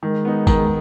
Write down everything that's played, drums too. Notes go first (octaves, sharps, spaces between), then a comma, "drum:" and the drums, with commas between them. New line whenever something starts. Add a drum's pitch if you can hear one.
D#3 G#3
B3 D#4
D#3, drum: kick, tambourine